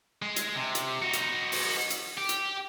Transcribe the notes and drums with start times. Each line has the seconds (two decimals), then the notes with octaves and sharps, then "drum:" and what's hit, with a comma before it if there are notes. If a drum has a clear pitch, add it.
0.22 G#3
0.36 drum: hi-hat
0.56 C3
0.75 drum: hi-hat
1.02 D#4 F#4
1.13 drum: hi-hat
1.52 drum: open hi-hat
1.90 drum: hi-hat
2.17 G4
2.29 drum: hi-hat